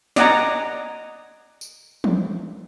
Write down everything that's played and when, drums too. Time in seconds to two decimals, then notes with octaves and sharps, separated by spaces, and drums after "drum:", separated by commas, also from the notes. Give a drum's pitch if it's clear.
0.16 D5 D#5 F#5 G#5 A#5, drum: snare
1.61 drum: tambourine
2.04 drum: tom E3